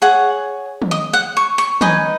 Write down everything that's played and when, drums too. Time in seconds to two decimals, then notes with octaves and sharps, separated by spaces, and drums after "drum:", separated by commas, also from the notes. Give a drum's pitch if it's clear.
0.02 G#4 C#5 F#5
0.82 drum: tom
0.91 D#5
1.13 F#5
1.37 C#6
1.58 C#6
1.81 D#4 B4 D#5 G#5, drum: tom